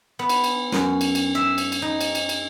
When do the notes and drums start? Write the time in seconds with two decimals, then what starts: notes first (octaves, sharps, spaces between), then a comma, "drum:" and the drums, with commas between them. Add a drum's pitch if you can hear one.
0.19 B3
0.29 drum: cymbal
0.44 drum: cymbal
0.72 F#2, drum: snare
1.01 drum: cymbal
1.15 drum: cymbal
1.35 E5
1.58 drum: cymbal
1.72 drum: cymbal
1.82 D#4
2.01 drum: cymbal
2.15 drum: cymbal
2.29 drum: cymbal